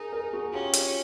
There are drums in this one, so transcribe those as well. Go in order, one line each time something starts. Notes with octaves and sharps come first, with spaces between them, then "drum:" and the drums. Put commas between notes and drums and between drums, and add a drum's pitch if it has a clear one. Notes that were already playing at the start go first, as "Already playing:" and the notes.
Already playing: D#4 G#4 A#4
G#4 A#4
F#4 G#4
C#4 F4 G4
drum: hi-hat